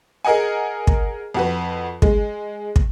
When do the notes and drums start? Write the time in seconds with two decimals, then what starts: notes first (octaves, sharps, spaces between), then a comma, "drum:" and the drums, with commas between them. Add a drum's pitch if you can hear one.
0.25 G#4 A#4 D#5 F#5 G#5
0.87 drum: kick
1.34 F2 F#4 B4
2.02 G#3, drum: kick
2.76 drum: kick